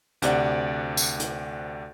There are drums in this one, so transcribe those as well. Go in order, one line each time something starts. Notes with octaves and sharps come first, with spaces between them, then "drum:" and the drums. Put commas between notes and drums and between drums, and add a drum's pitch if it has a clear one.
D2 C3 D5 F#5, drum: hi-hat
drum: tambourine
drum: hi-hat